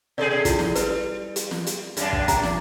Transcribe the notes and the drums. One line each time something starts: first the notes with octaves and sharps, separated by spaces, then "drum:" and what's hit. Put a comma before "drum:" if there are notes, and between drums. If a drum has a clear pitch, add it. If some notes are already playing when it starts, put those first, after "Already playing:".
B2 G#4 A4 D5
E4 F4, drum: kick, hi-hat
drum: snare
G3 B4, drum: hi-hat
drum: hi-hat
drum: snare
drum: hi-hat
F#2 D4, drum: hi-hat
drum: kick
G4 G5 A#5, drum: kick, hi-hat
drum: snare